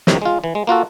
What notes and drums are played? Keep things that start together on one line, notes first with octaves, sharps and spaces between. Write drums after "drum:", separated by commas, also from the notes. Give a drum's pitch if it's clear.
C#2 F#2 A2 C3 D#3, drum: snare
G#3 F4
E3
G#3
A#3 F4 F#4 A4